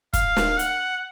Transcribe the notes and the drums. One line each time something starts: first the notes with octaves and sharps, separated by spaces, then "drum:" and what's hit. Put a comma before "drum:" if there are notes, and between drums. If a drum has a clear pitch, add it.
F5, drum: kick, hi-hat
drum: snare
F#5, drum: hi-hat